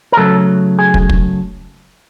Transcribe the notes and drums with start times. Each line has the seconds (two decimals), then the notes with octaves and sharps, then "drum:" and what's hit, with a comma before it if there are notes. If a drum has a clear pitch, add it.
0.12 A#4
0.17 C#3 F#3 A3 A4
0.79 G#4
0.94 drum: kick
1.09 drum: kick